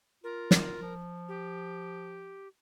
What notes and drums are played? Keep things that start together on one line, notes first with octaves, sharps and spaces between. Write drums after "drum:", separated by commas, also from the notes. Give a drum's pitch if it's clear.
F4 A#4
drum: snare
F3
G4